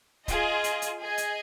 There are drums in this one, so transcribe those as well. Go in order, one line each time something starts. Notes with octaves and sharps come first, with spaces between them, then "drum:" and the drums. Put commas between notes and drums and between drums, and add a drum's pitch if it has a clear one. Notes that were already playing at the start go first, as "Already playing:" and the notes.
F4 G#4 D#5, drum: kick C#1, hi-hat
drum: hi-hat
drum: hi-hat
G#4 D#5 G#5
drum: hi-hat